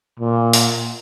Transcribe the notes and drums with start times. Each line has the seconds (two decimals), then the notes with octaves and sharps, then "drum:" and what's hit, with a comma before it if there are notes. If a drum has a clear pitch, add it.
0.20 A#2
0.53 drum: open hi-hat